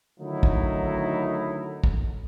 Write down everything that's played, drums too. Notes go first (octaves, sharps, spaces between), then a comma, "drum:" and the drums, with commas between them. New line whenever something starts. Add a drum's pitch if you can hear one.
D3 D#3 F#3 A3 D#4 E4
drum: kick
drum: kick